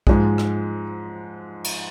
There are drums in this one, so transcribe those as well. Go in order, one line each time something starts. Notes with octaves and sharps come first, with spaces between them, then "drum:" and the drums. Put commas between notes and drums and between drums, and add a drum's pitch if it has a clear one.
G#2 F3 G#3, drum: kick
drum: rim click
drum: cymbal